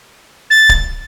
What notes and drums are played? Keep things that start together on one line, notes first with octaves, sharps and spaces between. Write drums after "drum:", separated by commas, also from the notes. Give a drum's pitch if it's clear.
A6
drum: kick C#1